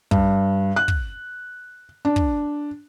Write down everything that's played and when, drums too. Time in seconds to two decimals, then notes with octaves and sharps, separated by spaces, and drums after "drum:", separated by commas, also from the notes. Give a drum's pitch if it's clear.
0.11 G2, drum: kick
0.76 F#6
0.88 drum: kick
2.05 D4
2.16 drum: kick